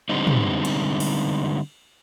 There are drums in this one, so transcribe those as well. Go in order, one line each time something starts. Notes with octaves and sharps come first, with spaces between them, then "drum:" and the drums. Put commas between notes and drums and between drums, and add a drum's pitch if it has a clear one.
D3 G3 G#3 B3 C4 D#4
drum: tom
drum: cymbal
drum: cymbal